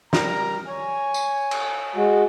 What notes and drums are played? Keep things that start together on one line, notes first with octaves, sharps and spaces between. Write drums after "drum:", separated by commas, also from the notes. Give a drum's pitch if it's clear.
G3 A#4 A#5, drum: snare
C#5 G#5
drum: tambourine
drum: cymbal
G#3 F#4